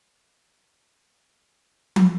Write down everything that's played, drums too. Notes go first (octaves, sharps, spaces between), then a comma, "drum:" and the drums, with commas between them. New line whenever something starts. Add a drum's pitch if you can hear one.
A#2
D4
drum: tom